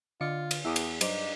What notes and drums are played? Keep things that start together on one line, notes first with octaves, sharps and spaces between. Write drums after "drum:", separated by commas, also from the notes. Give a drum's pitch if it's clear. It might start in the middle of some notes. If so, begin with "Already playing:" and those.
D3 F4 D#5 D6 C#7
drum: cymbal
E2 E4 E5 D6 D#6
drum: cymbal
G2 F#3 D4 D#4 G4 C5, drum: cymbal